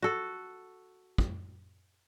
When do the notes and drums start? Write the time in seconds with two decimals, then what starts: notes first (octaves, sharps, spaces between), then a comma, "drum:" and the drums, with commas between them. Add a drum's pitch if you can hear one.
0.02 F#4 A4
1.18 drum: kick